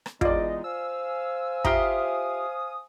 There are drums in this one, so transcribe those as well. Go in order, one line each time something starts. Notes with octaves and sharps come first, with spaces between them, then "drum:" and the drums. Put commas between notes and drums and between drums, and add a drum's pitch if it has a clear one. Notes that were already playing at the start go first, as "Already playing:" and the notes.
drum: rim click
E2 G#3 D#4 F4 D5 D#5, drum: kick
C5 F5 G#5 E6
F4 G4 E5 A#5 D#6, drum: kick